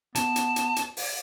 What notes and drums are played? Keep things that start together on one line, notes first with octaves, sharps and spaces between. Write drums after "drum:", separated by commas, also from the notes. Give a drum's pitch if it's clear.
B3 A5, drum: hi-hat
drum: hi-hat
drum: hi-hat
drum: hi-hat
drum: open hi-hat